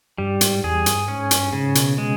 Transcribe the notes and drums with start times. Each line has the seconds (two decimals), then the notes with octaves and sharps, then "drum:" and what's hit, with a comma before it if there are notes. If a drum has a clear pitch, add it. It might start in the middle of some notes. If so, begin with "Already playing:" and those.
0.18 G2 G3
0.41 G#2, drum: hi-hat
0.64 E2 G#4
0.86 G2, drum: hi-hat
1.08 G#2 C#4
1.31 G2, drum: hi-hat
1.53 G#2 C#3
1.75 B2, drum: hi-hat
1.98 G#3